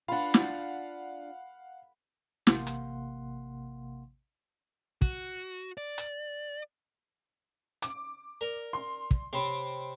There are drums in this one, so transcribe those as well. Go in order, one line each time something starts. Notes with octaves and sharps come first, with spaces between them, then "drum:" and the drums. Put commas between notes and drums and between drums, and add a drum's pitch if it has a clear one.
D4 F4 F5 F#5 B5
drum: snare
A1 C3 A#3 F5 F#5 C6, drum: snare
drum: hi-hat
F#4, drum: kick
D5
drum: hi-hat
D6, drum: hi-hat
A#4 D5
C6
drum: kick
C3 C4 C#5 B5